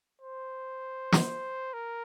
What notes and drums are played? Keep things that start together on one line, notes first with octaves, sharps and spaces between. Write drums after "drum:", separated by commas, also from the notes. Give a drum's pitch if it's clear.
C5
drum: snare
A#4